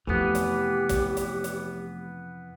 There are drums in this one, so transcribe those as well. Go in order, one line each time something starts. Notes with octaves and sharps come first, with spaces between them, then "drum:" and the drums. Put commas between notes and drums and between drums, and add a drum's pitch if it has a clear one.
F2 C3 E3 F3 A3 B3 G4
drum: hi-hat
drum: kick, hi-hat
drum: hi-hat
drum: hi-hat